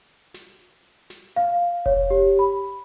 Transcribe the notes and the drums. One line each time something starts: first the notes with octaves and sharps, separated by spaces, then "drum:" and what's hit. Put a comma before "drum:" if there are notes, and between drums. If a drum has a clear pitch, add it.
drum: snare
drum: snare
F5
C#5, drum: kick F1
G4
B5